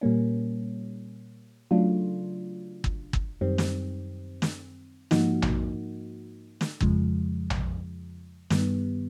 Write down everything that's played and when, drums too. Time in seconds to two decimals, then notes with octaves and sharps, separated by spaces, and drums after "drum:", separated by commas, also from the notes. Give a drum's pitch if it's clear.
0.01 A#2 G3 A#3 C#4
1.71 C#3 F#3 A3 D4 F4
2.84 drum: kick
3.13 drum: kick
3.41 F#2 D#3 G3 C4
3.58 drum: snare
4.42 drum: snare
5.11 G#2 F3 A#3 D#4 F#4, drum: snare
5.42 drum: tom A#1
6.61 drum: snare
6.80 F2 C#3 F3 G#3, drum: kick
7.50 drum: tom A#1
8.50 G2 D#3 G3 B3, drum: snare